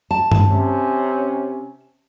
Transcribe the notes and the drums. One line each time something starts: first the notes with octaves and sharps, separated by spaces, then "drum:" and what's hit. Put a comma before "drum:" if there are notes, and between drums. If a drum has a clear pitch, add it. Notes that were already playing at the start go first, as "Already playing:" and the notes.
A5
drum: tom G2
C3 C#4